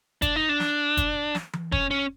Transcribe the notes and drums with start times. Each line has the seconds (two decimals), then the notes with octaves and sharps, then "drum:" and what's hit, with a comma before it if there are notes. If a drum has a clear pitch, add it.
0.22 D4, drum: kick, hi-hat
0.36 D#4
0.49 D4
0.60 drum: snare
0.97 drum: kick, hi-hat
1.35 drum: snare
1.53 drum: tom E3
1.72 C#4, drum: kick
1.91 C#4